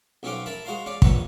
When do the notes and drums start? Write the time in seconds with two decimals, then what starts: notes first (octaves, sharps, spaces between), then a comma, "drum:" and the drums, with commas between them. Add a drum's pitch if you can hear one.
0.23 B1 C4 C#4 F#4 F5 D6
0.46 A#4 E5 A5 B5
0.65 G#3 F#4 C5 F5 A#5 C6
0.86 C#4 D5 F5
1.02 A#1 B4 C#5 E5 F#5, drum: kick